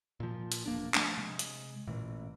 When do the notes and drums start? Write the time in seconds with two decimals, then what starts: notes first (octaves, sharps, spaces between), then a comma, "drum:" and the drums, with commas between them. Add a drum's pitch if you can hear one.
0.20 A#2 F3
0.52 drum: hi-hat
0.66 E1 A#3 D4
0.94 F3 A3 D4, drum: clap
1.17 C3 G#3
1.39 drum: hi-hat
1.87 A1 A#2 E3